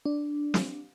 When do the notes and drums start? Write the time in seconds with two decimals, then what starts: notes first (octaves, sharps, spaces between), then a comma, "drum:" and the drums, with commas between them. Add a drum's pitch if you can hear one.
0.06 D4
0.54 drum: snare